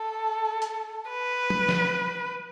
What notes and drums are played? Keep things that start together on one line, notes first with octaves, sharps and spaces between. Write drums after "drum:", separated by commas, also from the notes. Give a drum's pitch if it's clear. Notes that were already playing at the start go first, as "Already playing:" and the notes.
Already playing: A4
drum: hi-hat
B4
drum: tom
drum: snare